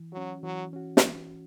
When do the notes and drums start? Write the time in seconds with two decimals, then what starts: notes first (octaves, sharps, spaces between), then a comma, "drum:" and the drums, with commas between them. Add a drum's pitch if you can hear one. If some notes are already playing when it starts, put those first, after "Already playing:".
Already playing: E3
0.13 F#3 C#4 F#4
0.43 E3 F#3
0.73 C#4 F#4
0.97 drum: snare